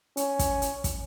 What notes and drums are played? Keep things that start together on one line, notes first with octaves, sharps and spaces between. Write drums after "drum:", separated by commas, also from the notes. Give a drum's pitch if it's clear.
C#4, drum: hi-hat
drum: kick, hi-hat
drum: hi-hat
drum: kick, hi-hat